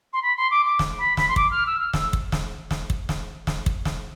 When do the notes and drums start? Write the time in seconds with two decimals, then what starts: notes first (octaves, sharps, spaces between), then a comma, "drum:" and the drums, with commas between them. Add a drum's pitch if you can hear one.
0.13 C6
0.22 B5
0.36 C6
0.50 D6
0.65 D6
0.79 drum: snare
0.98 B5
1.17 B5, drum: snare
1.28 C6
1.36 D6, drum: kick
1.50 F6
1.66 E6
1.80 F6
1.93 E6, drum: snare
2.13 drum: kick
2.32 drum: snare
2.71 drum: snare
2.90 drum: kick
3.09 drum: snare
3.47 drum: snare
3.66 drum: kick
3.85 drum: snare